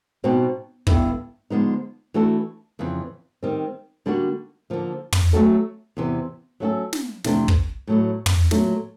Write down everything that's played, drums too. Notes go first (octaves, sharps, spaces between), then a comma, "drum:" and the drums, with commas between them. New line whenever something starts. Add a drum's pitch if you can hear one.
B2 G3 C4 D#4 F#4
G2 D3 G3 B3 E4, drum: kick
D3 F3 G#3 B3 D#4
E3 A3 D4 F#4 A4
F2 C#3 E3
D#3 G3 C4
D3 G3 A#3 D4 F#4
D3 F3 A#3
drum: tom
F#3 A3 C#4 F#4 A4
E2 C3 E3
F#3 A3 C#4 F#4 A4
drum: snare
F2 C3 E3 A3 D4, drum: snare
drum: kick
A2 F#3 A3
drum: tom
A#2 F#3 A3, drum: snare